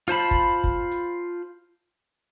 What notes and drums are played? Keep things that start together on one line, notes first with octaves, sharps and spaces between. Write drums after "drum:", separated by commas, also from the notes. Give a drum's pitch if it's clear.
F4 C5 A5 B5
drum: kick
drum: kick
drum: hi-hat